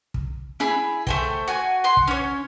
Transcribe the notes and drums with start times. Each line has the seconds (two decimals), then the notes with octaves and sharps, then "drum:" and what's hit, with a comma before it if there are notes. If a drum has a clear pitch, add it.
0.14 drum: kick
0.60 E4 G#4 B5, drum: snare
1.07 A3 C5 G5, drum: kick
1.48 F#4 G#5
1.84 F#5 C6
1.97 drum: kick
2.07 C#4 C#5